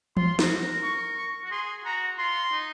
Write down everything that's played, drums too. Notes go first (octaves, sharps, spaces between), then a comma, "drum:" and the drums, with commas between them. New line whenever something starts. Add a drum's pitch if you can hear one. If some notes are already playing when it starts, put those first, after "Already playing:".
F4 C6, drum: tom E3
F#4, drum: snare
A#4
C#6
C#6
F#4
G#4 C6
F#4 A#5
F4 C6
D#4